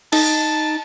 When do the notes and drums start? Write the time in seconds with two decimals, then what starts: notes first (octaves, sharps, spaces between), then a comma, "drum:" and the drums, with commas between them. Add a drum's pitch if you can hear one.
0.13 D#4 A5, drum: cymbal